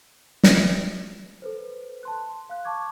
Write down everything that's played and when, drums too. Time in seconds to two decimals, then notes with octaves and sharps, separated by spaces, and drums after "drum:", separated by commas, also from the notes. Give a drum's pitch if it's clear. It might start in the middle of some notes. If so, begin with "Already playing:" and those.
0.44 drum: snare
1.42 A4 B4 C5
2.03 A5 C6 F#6
2.50 F5 F#6
2.65 A5 C#6 D6 G#6